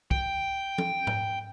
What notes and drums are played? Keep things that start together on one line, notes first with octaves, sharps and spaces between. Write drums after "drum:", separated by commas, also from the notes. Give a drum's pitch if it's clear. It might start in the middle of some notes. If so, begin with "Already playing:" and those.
G5, drum: kick
drum: tom F3
drum: tom G#2